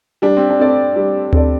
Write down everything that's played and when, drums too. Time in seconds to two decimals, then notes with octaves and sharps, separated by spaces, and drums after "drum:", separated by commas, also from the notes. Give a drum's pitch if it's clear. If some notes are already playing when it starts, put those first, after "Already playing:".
0.22 G3 D4
0.37 C4
0.50 D4
0.60 C4 A4 D5
0.96 G3
1.33 C4 A4 D5, drum: tom D2